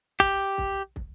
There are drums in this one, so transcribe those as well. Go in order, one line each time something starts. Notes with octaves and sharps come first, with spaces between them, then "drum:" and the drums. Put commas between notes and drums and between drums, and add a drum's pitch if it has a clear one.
G4, drum: kick
drum: kick
drum: kick